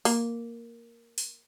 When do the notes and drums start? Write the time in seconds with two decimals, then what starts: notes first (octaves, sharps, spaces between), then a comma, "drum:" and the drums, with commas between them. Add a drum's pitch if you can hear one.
0.05 A#3, drum: open hi-hat
1.18 drum: open hi-hat